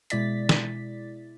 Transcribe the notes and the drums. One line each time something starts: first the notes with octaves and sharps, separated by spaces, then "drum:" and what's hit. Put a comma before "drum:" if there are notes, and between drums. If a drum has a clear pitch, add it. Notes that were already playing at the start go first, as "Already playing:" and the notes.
B2 G#3 E4 D5 A6 B6, drum: hi-hat
drum: snare